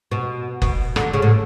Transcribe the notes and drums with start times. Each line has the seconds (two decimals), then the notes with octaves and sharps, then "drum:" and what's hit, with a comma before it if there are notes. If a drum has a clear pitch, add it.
0.11 B2
0.62 B2, drum: kick F#1
0.96 D3, drum: rim click
1.13 C#3
1.22 A2